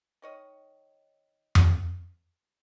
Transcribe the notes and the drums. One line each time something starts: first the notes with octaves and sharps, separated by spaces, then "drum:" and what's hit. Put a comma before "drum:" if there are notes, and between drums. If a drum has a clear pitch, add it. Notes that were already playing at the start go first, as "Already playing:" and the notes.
D#3 C#5 D#5
drum: tom F2